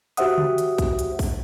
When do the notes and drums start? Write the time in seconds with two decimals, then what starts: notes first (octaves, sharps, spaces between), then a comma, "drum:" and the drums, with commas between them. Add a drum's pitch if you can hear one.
0.17 F#4 G4 C5 E5 F#5 D#6, drum: hi-hat
0.38 drum: tom C#3
0.58 drum: hi-hat
0.78 drum: kick A#1, hi-hat
0.99 drum: hi-hat
1.19 drum: kick A#1, open hi-hat